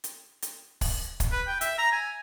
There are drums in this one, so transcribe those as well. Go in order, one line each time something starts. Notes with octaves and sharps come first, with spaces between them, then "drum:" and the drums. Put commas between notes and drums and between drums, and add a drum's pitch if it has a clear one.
drum: hi-hat
drum: hi-hat
drum: kick, open hi-hat
drum: kick, hi-hat
B4
G5
E5, drum: hi-hat
A#5
G#5